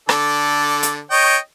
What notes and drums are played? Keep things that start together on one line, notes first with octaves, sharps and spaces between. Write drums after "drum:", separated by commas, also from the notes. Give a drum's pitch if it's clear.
D3 A4 D5, drum: rim click
drum: hi-hat
C#5 D#5 G5